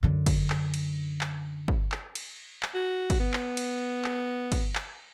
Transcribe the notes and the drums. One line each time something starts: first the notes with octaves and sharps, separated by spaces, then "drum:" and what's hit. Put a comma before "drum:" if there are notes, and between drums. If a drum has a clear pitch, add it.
F#2 D3
drum: kick, cymbal
drum: clap
drum: cymbal
drum: clap
drum: kick
drum: clap
drum: cymbal
drum: clap
F#4
drum: kick, cymbal
B3
drum: clap
drum: cymbal
drum: clap
drum: kick, cymbal
drum: clap